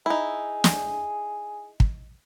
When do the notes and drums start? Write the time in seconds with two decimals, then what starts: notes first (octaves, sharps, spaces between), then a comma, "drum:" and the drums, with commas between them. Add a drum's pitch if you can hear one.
0.06 D#4 E4 G#4
0.64 drum: snare
1.80 drum: kick